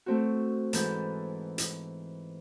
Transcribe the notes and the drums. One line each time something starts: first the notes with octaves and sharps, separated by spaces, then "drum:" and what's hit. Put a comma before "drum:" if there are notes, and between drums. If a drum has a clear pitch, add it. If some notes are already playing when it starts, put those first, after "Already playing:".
A3 C4 F#4
G#2 E3 B3 A4 G6, drum: hi-hat
drum: hi-hat